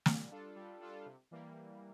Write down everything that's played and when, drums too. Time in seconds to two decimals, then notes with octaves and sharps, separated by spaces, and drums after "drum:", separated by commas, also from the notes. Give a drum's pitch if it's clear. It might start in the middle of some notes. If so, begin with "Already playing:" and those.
0.06 G3, drum: snare
0.31 D4 F4 A4
0.56 G3
0.81 D4 F4 A4
1.06 C3
1.31 E3 G3 A#3